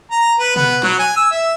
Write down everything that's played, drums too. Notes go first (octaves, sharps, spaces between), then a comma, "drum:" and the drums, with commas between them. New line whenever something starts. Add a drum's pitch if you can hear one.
A#5
B4
B3, drum: tom B2
F#3, drum: snare
G#5
E6
E5